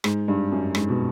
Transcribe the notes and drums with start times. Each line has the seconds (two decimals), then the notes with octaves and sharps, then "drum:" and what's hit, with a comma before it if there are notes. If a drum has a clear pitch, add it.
0.04 G#2, drum: rim click
0.28 G2
0.52 F#2
0.75 G#2, drum: rim click
0.89 B2